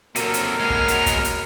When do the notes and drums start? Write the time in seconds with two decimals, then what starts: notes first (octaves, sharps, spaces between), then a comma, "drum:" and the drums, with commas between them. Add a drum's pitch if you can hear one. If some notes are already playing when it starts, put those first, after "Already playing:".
0.16 C3 F#3 A#3 A4 A#4, drum: hi-hat
0.34 drum: hi-hat
0.60 G#3 B3 F6
0.70 drum: kick
0.88 drum: hi-hat
1.06 drum: kick, hi-hat
1.24 drum: hi-hat